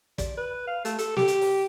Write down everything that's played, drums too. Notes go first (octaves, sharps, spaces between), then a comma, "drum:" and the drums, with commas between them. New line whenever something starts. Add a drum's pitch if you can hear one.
D5, drum: kick, hi-hat
B4
F5
A3, drum: hi-hat
A4, drum: hi-hat
G4, drum: snare
drum: hi-hat
drum: open hi-hat